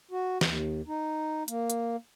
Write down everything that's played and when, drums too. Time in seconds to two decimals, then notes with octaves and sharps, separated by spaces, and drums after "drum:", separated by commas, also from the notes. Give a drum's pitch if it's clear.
0.11 F#4
0.41 D#2, drum: snare
0.88 D#4
1.48 A#3, drum: hi-hat
1.70 drum: hi-hat